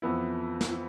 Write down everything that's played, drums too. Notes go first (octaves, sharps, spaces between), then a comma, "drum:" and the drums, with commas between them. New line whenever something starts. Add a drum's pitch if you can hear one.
F2 E3 B3 E4
drum: snare